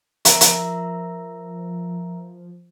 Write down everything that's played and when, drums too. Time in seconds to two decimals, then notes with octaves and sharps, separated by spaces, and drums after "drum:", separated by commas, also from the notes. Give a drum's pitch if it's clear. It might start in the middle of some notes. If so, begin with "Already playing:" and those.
0.25 F3 A#4 E5 A#5, drum: hi-hat
0.41 drum: hi-hat